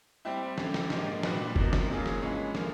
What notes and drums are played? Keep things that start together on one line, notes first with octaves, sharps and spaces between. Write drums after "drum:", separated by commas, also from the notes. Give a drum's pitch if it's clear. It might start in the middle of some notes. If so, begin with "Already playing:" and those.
G3 C4 E4 G4
F#2 D3 G3, drum: snare
drum: snare
G#2 F3 A#3 D4 G4, drum: snare
A#2 G3 B3 D4 F#4, drum: snare
C3 F3 A#3 D#4 F#4, drum: kick F#1
drum: snare
F#3 A#3 C#4 F4 G#4
drum: snare
G2 E3 G#3 C#4
D3 F3 A#3, drum: snare